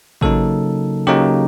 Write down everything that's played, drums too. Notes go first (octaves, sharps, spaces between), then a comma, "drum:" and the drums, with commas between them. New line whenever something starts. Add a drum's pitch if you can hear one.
C#3 F#3 A#3 D#4 A4, drum: kick
C#3 F#3 A#3 D#4 G4